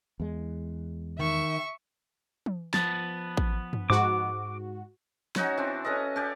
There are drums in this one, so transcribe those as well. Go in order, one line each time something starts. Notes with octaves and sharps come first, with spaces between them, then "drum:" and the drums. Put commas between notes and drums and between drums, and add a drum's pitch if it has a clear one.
E2 G#3
D#3 E5 C#6
drum: tom
F3 B3 A5, drum: snare
drum: kick A1
drum: tom F#2
G#2 F#4 D6
C#4 D#4 F#4 C#5, drum: snare
E3 C4 D4
C#4 A4 B4 D#5
C#4 G4 D5